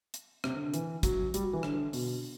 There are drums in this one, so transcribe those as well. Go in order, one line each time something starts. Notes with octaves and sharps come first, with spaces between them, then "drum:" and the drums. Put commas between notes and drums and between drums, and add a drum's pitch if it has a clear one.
drum: hi-hat
C3, drum: rim click
D3
D3
E3, drum: hi-hat
F#3, drum: kick, hi-hat
G3, drum: hi-hat
F#3
E3
D3, drum: rim click
B2, drum: open hi-hat